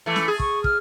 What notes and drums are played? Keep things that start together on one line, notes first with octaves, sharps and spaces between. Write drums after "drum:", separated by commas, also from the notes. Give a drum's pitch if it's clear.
E3 A3
drum: snare
G#4
C#6, drum: kick
F6, drum: kick